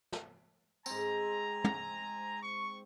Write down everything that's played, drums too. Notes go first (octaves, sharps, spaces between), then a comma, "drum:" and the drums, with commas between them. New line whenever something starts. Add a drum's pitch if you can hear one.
drum: snare
G#2 C4 G#5 A#5, drum: tambourine
drum: tom
C#6